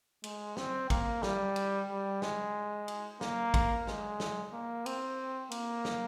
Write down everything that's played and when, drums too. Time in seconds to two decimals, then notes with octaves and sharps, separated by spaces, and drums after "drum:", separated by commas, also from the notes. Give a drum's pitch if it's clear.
0.24 G#3, drum: cymbal
0.57 C4, drum: snare
0.90 A#3, drum: kick, cymbal
1.23 G3, drum: snare
1.56 drum: cymbal
1.89 G3
2.22 G#3, drum: snare
2.88 drum: cymbal
3.21 A#3, drum: snare
3.54 drum: kick, cymbal
3.87 G#3, drum: snare
4.20 drum: snare
4.53 A#3
4.86 C4, drum: cymbal
5.51 A#3, drum: cymbal
5.85 drum: snare